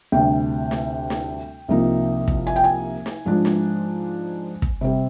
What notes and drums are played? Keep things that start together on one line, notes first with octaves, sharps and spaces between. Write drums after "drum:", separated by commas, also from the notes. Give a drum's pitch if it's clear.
D2 C3 G3 D4 G5
drum: snare
drum: snare
C2 C3 F3 A#3 D#4
drum: kick
G#5
G5
G#5
drum: snare
G#2 F3 G#3 D4
drum: snare
drum: kick
C3 G3 C4